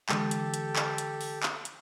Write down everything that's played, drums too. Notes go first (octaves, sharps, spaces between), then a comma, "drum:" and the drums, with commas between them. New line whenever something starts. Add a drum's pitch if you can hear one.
D3 E3 G#3 G4 A4, drum: clap
drum: hi-hat
drum: hi-hat
drum: clap
drum: hi-hat
drum: open hi-hat
drum: clap
drum: hi-hat